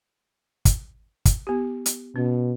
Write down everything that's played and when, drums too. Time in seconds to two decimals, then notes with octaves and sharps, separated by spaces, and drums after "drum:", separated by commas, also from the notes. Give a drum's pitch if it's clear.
0.65 drum: kick, hi-hat
1.25 drum: kick, hi-hat
1.47 B3 G4
1.86 drum: hi-hat
2.16 B2 C#4